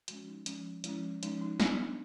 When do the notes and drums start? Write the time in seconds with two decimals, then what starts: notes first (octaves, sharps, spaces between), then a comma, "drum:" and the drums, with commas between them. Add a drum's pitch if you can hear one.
0.08 F3 G#3 C#4 F#4, drum: hi-hat
0.28 D#4
0.46 F3 G#3 C#4, drum: hi-hat
0.84 F3 G#3 C#4 E4, drum: hi-hat
1.23 F3 G#3 C#4 D#4, drum: hi-hat
1.41 D#4
1.60 G3 B3 D4 E4, drum: snare
1.78 D#4